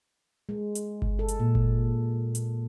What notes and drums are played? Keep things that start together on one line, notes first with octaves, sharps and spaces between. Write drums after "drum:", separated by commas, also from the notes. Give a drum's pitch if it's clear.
G#3
drum: hi-hat
drum: kick G1
A4
drum: hi-hat
A#2
drum: kick G1
drum: hi-hat